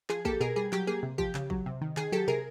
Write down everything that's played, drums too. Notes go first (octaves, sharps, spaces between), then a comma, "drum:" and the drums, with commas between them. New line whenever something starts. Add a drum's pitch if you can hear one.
F3 G#4, drum: clap
A#3 G4 A4, drum: kick
B2 G#4 A#4
G3 G#4
F#3 G4, drum: clap
A#3 G#4
C3
F3 G4, drum: kick
C#3, drum: clap
F#3, drum: kick
C3
D#3
D#3 G#4, drum: clap
F#3 G4 A4
C3 G#4 A#4